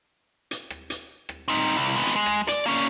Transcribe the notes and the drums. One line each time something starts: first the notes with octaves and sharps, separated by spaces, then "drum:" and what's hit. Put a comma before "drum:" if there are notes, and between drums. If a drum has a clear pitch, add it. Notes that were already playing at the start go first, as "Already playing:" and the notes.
drum: hi-hat
drum: rim click
drum: hi-hat
drum: rim click
C4 D#4
C2
G#3 B3
drum: hi-hat
G#3
drum: rim click
D5, drum: hi-hat
A#3 C#4